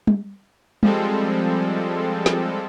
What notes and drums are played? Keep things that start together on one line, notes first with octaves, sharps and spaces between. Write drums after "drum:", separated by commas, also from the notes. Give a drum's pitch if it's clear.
drum: tom G3
F3 G3 G#3 C4 A4, drum: tom G3
drum: snare